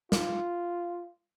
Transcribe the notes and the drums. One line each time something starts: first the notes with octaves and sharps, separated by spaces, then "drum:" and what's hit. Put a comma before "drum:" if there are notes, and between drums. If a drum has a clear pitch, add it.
F4, drum: snare